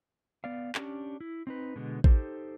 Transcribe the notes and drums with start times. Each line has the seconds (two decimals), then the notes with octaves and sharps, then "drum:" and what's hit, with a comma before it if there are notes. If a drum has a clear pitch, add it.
0.44 B3 D5 F5
0.75 C#4 D4 G4, drum: clap
1.21 E4
1.47 C4 D#4 B4
1.76 B2 D3 G#3 B3
2.04 D#4 G4 A4 C5, drum: kick A1